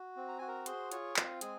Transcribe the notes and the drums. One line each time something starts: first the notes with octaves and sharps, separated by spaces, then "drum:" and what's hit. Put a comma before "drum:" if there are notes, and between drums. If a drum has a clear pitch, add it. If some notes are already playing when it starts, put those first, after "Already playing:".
Already playing: F#4
C4
A#5
F#4 G#5
A#4 A#5
G#4 C5 C6, drum: hi-hat
F4 C#5 C#6, drum: hi-hat
C4 F4 F5, drum: clap
G#3 G#4 G#5, drum: hi-hat